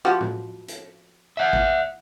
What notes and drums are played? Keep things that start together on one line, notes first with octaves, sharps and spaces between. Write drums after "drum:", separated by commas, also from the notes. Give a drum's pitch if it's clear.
F3 F#4 G4
drum: tom A2
drum: hi-hat
E5 F#5
drum: kick